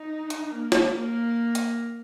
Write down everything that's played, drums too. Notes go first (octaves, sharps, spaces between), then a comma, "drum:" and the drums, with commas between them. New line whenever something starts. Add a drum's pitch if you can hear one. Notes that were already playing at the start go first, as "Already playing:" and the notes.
Already playing: D#4
drum: hi-hat
A#3
drum: snare
A#3
drum: hi-hat